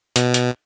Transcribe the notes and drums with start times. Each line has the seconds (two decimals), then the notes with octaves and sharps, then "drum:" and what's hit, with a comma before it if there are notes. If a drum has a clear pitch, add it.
0.16 B2, drum: hi-hat
0.34 drum: hi-hat